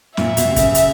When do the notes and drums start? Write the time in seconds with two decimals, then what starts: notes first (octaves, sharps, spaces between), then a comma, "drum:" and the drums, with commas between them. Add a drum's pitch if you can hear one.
0.17 A#2 E5, drum: snare
0.37 B2, drum: hi-hat
0.48 C3
0.56 C#3, drum: kick, hi-hat
0.75 drum: hi-hat